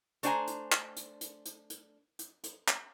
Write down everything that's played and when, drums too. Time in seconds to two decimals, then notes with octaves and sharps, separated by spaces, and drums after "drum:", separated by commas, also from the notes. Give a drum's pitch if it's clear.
0.23 A3 D4 C5 G5 G#5 A#5, drum: hi-hat
0.48 drum: hi-hat
0.72 drum: clap
0.97 drum: hi-hat
1.21 drum: hi-hat
1.46 drum: hi-hat
1.70 drum: hi-hat
2.19 drum: hi-hat
2.44 drum: hi-hat
2.68 drum: clap